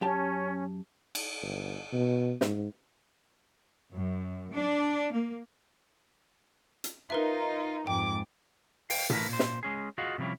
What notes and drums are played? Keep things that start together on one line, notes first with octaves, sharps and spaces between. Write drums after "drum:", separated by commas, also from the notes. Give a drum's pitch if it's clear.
F#2 C#4 G4 A5
drum: cymbal
G1
B2
G#2, drum: snare
F#2
D4
A#3
drum: hi-hat
D#4 F4 A#4 B4 E5
F2 G#2 G5 D6
F5 G5, drum: open hi-hat
E3 A3 G#4 A#4 B4, drum: tom
A#2 C5
drum: snare
G#3 C#4 G#4
F4 F#4 G#4 D#5 F5 F#5
C3 F3 G3 C#4 E4